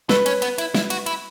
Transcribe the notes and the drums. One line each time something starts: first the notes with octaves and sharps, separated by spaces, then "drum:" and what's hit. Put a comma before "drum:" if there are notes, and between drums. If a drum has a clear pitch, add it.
A3 B4, drum: snare
C#4, drum: cymbal
B3, drum: cymbal
E4, drum: cymbal
E4, drum: snare
F#4, drum: cymbal
E4, drum: cymbal